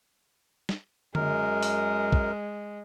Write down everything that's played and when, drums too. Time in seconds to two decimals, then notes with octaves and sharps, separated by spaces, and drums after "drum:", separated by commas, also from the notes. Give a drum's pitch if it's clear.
0.69 drum: snare
1.15 F#2 G#3 A#4, drum: tom D3
1.63 drum: open hi-hat
2.12 drum: kick